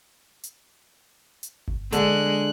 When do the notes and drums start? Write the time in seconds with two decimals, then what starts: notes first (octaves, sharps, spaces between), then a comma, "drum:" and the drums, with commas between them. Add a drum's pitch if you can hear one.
0.43 drum: hi-hat
1.43 drum: hi-hat
1.68 drum: kick G1
1.92 D3 G#3 F#6, drum: hi-hat